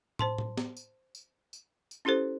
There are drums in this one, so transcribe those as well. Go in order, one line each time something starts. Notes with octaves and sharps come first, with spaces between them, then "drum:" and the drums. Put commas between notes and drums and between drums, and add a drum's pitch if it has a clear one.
C5 A5 C6, drum: tom
drum: tom A2
drum: snare
drum: tambourine
drum: tambourine
drum: tambourine
drum: tambourine
C#4 E4 G4 A4 C5